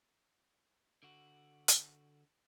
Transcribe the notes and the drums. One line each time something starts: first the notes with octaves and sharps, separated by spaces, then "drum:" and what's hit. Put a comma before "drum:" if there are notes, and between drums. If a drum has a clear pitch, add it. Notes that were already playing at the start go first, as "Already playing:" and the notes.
D3 F#4
drum: hi-hat